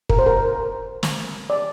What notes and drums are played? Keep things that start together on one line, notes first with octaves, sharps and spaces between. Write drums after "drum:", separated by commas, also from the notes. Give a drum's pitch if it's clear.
A#4, drum: kick
C5
A#4
drum: snare
D5